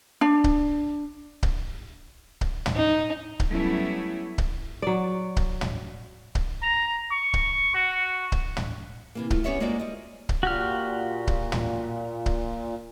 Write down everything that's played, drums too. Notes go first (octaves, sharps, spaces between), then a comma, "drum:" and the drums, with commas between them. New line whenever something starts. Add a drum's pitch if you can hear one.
D4
drum: kick C#1
drum: kick C#1
drum: kick C#1
drum: tom
D#4
drum: kick C#1
F#3 G3 A3 B3 C#4 E4
drum: kick C#1
F#3 D5
drum: kick C#1
drum: tom
drum: kick C#1
A#5
C#6
drum: kick C#1
F#4
drum: kick C#1
drum: tom
C3 E3 A#3
A3 F4, drum: kick C#1
B3 C#4 G4 C#5 D5 E5
G#3 A#3 F4 F#4 C5 D5
G3 D#5
drum: kick C#1
A#2 F#4 G4 F6
drum: kick C#1
drum: tom
drum: kick C#1